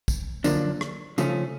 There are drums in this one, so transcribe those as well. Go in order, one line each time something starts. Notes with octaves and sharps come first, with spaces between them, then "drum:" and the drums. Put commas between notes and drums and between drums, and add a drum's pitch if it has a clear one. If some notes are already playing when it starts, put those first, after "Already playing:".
drum: kick, tambourine
F#2 D3 F3 A#3 D4, drum: tambourine
drum: rim click
C#3 F3 A3 C#4, drum: tambourine